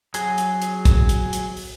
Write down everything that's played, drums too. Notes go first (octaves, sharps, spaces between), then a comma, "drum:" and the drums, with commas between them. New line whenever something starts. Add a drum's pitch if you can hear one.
F#3 F#4 G#4, drum: hi-hat
drum: hi-hat
drum: hi-hat
drum: kick, hi-hat
drum: hi-hat
drum: hi-hat
drum: open hi-hat